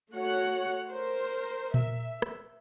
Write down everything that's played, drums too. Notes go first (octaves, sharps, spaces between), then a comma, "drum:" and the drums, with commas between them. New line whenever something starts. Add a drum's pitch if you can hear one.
A3 F#4 C#5 F#5
A#4 C5
E5, drum: tom A#2
drum: rim click